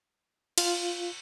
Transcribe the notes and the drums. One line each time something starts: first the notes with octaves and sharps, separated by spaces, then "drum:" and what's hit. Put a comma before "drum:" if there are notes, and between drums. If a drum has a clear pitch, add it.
F4, drum: cymbal